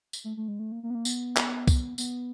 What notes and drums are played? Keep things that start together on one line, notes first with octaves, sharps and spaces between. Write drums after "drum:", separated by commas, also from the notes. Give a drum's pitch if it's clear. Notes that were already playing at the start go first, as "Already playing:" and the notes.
drum: tambourine
A3
A3
G#3
A3
A#3
A#3
B3
A#3
B3, drum: tambourine
drum: clap
drum: kick C2, tambourine
B3, drum: tambourine